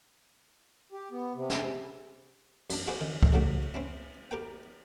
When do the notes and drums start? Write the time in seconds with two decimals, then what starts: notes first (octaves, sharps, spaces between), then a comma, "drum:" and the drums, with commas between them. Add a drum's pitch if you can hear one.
0.92 G4
1.11 B3
1.35 C3
1.50 drum: snare
2.70 F#2 D4, drum: cymbal
2.87 F4 F#4 G#4 B4 C5 D5
3.01 D#3
3.23 drum: kick C#2
3.32 C#3 F#3 A3 F#4 G4
3.74 C4 C#4 E4
4.31 G4 A#4 B4 G5